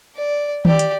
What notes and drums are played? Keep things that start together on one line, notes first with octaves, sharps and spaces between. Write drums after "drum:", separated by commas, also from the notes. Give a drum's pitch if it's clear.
D5
G4 D5, drum: tom D#3
drum: hi-hat